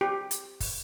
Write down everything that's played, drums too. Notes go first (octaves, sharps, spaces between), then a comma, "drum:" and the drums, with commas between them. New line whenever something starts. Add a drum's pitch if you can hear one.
G4
drum: hi-hat
drum: kick, open hi-hat